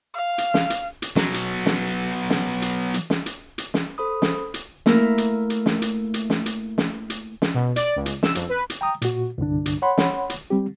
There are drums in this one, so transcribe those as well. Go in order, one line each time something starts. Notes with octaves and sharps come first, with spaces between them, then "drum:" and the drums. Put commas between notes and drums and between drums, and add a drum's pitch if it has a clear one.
F5
drum: hi-hat
drum: snare
drum: hi-hat
drum: hi-hat
F#3 B3, drum: snare
drum: hi-hat
drum: snare
drum: snare
drum: hi-hat
drum: hi-hat
drum: snare
drum: hi-hat
drum: hi-hat
drum: snare
A4 C5 B5 D#6
drum: snare
drum: hi-hat
A3 A#3 E4 A#4, drum: snare
drum: hi-hat
drum: hi-hat
drum: snare
drum: hi-hat
drum: hi-hat
drum: snare
drum: hi-hat
drum: snare
drum: hi-hat
drum: snare
B2
D5, drum: hi-hat
C#2
drum: hi-hat
E6, drum: snare
F2, drum: hi-hat
B4
drum: hi-hat
G5 A#5 D#6
A#2 F#4, drum: hi-hat
C2 G2 D3 D4
drum: hi-hat
C#5 F#5 B5 C6
drum: snare
drum: hi-hat
G3 C4 G4